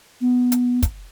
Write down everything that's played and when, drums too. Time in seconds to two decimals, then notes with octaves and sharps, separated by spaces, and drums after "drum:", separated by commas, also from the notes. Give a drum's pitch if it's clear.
0.21 B3
0.52 drum: hi-hat
0.83 drum: kick, hi-hat